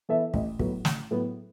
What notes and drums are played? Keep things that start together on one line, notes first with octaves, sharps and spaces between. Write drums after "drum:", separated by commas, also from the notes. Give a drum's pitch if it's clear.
E3 B3 A4 E5
A1, drum: kick
A2 F#3 B3, drum: kick
A1, drum: snare
A2 F#3 B3